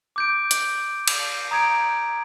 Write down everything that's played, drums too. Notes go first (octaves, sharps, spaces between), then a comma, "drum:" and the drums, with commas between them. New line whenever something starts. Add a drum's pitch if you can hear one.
D6 G6 D7
drum: hi-hat
drum: cymbal
A#5 D#6 G#6 D7